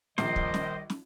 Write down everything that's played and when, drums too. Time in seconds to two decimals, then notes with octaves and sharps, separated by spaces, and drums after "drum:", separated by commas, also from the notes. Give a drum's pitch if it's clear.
0.18 A#1 D#3 G3 C5 D#5, drum: snare
0.36 drum: kick
0.54 drum: snare
0.90 drum: snare